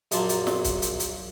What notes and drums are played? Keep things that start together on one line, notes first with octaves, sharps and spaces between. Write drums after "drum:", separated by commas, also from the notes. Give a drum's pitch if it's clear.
A#1 F#2 F#3 A#3 A5 C6, drum: hi-hat
drum: hi-hat
drum: snare
drum: kick, hi-hat
drum: hi-hat
drum: hi-hat